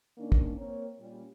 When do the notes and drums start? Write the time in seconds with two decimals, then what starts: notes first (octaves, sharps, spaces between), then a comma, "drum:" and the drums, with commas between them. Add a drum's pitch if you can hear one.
0.18 D#3 A#3 C#4 D4
0.32 drum: kick
0.56 A#3 C4 A#4 C#5
0.98 A#2 G3 C#4